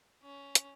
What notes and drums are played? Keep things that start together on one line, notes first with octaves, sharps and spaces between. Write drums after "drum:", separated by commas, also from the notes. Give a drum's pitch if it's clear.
C#4
drum: hi-hat